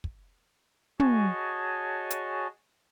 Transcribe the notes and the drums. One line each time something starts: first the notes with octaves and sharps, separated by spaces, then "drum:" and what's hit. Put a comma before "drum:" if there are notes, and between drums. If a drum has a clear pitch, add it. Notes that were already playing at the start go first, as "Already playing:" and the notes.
drum: kick
F#4 G#4 C#5 D#5 G#5 A5, drum: tom
drum: hi-hat